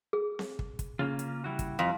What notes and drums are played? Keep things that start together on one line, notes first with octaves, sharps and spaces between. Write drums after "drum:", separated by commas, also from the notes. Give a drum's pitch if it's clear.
G#4
drum: snare C4
drum: kick
drum: kick, hi-hat
C#3 A#3 C#4 F4
drum: hi-hat
G3 E4 F#4
drum: kick, hi-hat
F2 F5